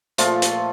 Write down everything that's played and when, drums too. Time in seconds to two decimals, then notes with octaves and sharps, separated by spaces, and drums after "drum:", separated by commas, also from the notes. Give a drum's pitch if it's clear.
0.18 A#2 F3 A3 F4, drum: hi-hat
0.42 drum: hi-hat